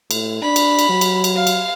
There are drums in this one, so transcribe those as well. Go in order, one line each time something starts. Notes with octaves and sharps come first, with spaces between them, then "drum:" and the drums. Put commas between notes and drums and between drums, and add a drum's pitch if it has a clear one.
A2, drum: cymbal
D4 B5
drum: cymbal
drum: cymbal
F#3
drum: cymbal
drum: cymbal
F5
drum: cymbal